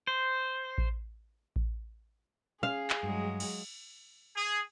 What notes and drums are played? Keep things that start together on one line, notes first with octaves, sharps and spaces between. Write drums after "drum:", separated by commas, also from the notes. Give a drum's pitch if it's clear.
C5
drum: kick A1
drum: kick A1
C#4 G#4 F5
drum: clap
G2 F#3 G#3
drum: cymbal
G#4